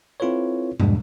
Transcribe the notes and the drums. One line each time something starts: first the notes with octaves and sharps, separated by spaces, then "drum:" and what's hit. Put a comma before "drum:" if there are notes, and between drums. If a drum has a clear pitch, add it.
C4 E4 F4 A4 B4 C#5
E2 G#2 B2 G3 G#3 D4, drum: tom